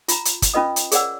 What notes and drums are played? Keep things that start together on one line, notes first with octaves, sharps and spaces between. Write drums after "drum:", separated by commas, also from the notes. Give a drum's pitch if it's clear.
F4 A#5, drum: hi-hat
drum: hi-hat
drum: kick, hi-hat
C#4 F4 B4 D#5 D#6
drum: hi-hat
G#4 A#4 C#5 D5 F#5 E6, drum: hi-hat